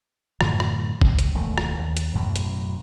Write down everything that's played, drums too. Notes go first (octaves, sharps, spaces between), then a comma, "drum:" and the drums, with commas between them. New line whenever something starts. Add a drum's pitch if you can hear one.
F#2 A2 D3 E3, drum: rim click
drum: rim click
C#2, drum: kick
drum: hi-hat
E1 D#2 D#3 A3
drum: rim click
D#2
drum: hi-hat
A1 F#2 B2 F#3
drum: hi-hat